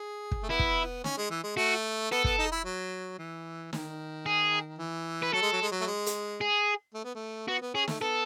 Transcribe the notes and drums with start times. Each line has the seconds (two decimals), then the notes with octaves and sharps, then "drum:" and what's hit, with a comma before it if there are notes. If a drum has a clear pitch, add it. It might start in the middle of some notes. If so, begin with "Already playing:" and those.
Already playing: G#4
0.31 drum: kick
0.43 A3
0.49 B3 E4
0.59 drum: kick
1.04 C#4, drum: snare
1.18 G#3
1.30 E3
1.44 G#3
1.57 A3 F#4
2.11 B3 A4
2.24 B3, drum: kick
2.39 D#4
2.52 E4
2.65 F#3
3.18 E3
3.73 D#3, drum: snare
4.26 G#4
4.79 E3
5.22 B4
5.33 F#3 A4
5.42 G#3
5.53 F#3
5.62 G#3
5.72 F#3
5.81 A3
5.87 G#3
6.06 drum: hi-hat
6.41 G#4
6.94 A3
7.04 B3
7.15 A3
7.48 B3 F#4
7.62 B3
7.74 C#4 G#4
7.88 A3, drum: snare
8.01 B3 A4